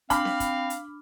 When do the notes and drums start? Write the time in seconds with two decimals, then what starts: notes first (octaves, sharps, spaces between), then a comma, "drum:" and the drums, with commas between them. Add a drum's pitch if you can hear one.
0.10 C4 D4 F5 B5 D6 F6, drum: kick, hi-hat
0.25 drum: snare C4
0.40 drum: kick, hi-hat
0.70 drum: hi-hat